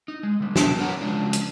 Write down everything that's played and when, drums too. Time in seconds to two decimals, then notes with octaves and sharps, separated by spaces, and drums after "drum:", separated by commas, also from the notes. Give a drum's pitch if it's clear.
0.08 D#4
0.23 G#3
0.40 D3 G3
0.56 C3 F3 F#3 B3 G#4 A5, drum: snare
0.79 A#4 B4 C#5 F#5 A#5
1.01 C#3 F3 F#3 G#3 D4
1.33 drum: hi-hat